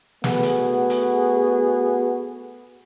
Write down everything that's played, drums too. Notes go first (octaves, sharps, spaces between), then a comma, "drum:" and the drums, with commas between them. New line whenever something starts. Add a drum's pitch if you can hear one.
A3 B3 F#4 G#4, drum: snare
drum: hi-hat
drum: hi-hat